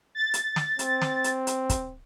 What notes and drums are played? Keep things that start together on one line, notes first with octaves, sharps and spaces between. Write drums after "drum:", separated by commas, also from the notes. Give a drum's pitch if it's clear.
A6
drum: hi-hat
drum: snare
C4, drum: hi-hat
drum: snare
drum: hi-hat
drum: hi-hat
drum: kick, hi-hat